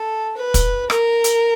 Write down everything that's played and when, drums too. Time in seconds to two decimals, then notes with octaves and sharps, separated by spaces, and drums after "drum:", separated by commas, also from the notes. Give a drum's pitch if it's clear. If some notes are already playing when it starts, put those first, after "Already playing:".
Already playing: A4
0.37 B4
0.54 drum: kick, hi-hat
0.90 A#4, drum: rim click
1.24 drum: hi-hat